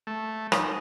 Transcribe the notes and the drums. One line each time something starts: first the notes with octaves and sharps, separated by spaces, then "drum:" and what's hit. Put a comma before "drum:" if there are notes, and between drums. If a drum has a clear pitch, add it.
A3
D#4, drum: rim click